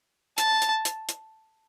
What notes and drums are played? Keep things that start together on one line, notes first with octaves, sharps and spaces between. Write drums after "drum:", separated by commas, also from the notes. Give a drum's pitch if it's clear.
A5, drum: hi-hat
drum: hi-hat
drum: hi-hat
drum: hi-hat